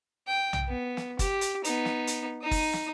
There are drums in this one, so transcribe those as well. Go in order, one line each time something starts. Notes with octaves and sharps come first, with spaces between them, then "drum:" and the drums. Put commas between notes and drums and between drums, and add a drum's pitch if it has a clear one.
G5
drum: tom B1
B3
drum: snare
G4, drum: kick, hi-hat
drum: hi-hat
B3 D#4, drum: hi-hat
drum: snare
drum: hi-hat
D#4 D#6
drum: kick, open hi-hat
drum: snare